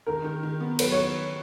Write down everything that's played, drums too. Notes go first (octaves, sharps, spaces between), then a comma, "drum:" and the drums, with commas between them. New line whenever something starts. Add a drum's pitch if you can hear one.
D#3 A#4
D#3
D#3
B3
F#3 B4, drum: cymbal
C#5